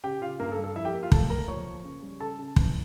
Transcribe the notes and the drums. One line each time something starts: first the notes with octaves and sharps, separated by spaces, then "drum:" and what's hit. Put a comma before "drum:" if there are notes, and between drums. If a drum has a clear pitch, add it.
C#3 G4 G5
C#3 F4 F5
G2 A#3 A#4
A4
G3
A4
F2 E4 E5
G4 G5
A#3
F4 F5
D2 A4 A5, drum: kick
A#3 A#4 A#5
F3 C#5 C#6
A#3
C#3
G3
C#3 A4 A5
C#3
E3, drum: kick